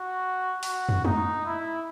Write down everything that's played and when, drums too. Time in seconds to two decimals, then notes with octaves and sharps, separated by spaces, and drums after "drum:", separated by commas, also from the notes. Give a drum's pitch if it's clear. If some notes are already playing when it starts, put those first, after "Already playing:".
Already playing: F#4
0.63 F#4, drum: open hi-hat
0.89 drum: tom
1.05 D#4, drum: tom G#3
1.46 E4